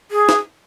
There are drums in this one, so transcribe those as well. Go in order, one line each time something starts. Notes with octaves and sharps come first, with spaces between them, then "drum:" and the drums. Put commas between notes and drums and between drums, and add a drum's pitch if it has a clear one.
G#4
drum: snare